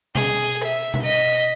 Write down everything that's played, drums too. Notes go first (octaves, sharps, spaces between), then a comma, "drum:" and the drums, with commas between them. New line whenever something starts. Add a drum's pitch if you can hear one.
G#4, drum: tom B2
drum: hi-hat
drum: hi-hat
E5
drum: tom B2
D#5 B6
drum: hi-hat
drum: hi-hat